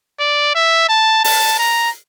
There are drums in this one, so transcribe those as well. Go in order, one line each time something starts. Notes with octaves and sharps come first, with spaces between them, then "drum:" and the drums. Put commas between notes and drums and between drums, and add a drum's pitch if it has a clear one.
D5
E5
A5
A5, drum: open hi-hat
A#5